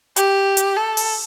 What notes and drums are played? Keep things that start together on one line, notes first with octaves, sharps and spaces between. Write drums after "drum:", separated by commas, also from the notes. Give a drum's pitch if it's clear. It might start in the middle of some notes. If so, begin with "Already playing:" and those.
G4, drum: hi-hat
drum: hi-hat
A4
drum: open hi-hat